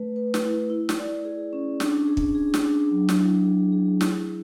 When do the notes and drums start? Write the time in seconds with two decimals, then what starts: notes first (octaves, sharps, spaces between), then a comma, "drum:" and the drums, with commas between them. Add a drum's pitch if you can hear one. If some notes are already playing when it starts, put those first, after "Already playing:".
Already playing: A3 B4
0.16 B4
0.34 drum: snare
0.43 E4
0.70 E4
0.89 drum: snare
0.98 D5
1.25 G#4
1.53 C#4
1.80 D4, drum: snare
2.08 G#4
2.17 drum: kick
2.35 G#4
2.54 drum: snare
2.63 D4
2.91 F#3
3.09 drum: snare
3.18 E4
3.45 G#4
3.72 G#4
4.01 E4, drum: snare